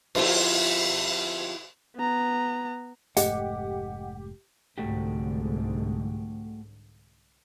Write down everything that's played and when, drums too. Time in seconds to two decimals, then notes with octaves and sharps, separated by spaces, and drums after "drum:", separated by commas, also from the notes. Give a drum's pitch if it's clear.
0.15 F3 C4 E4 F4 G4, drum: cymbal
1.97 B3 A#5
3.17 F1 G#2 A3 G4 D#5 F#5, drum: hi-hat
4.78 C2 G#2 D3 A3 F#4 G4